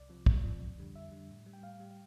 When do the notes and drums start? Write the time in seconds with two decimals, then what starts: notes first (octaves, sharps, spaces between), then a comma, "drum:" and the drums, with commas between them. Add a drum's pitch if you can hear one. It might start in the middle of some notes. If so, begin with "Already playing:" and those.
Already playing: C2 D5
0.09 C3 F3
0.26 C2, drum: kick
0.43 C3 F3
0.61 F2
0.78 D3 G3
0.95 F2 E5
1.11 D3 G3
1.29 A2
1.46 G3
1.53 G5
1.63 A2 F5
1.80 G3
1.91 F5